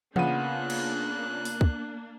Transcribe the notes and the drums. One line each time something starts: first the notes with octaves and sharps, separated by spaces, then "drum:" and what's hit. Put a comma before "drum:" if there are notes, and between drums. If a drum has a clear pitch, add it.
C#3 A#3 B3 D4 F4 F#6 D#7, drum: tom E3
drum: cymbal
drum: open hi-hat
drum: kick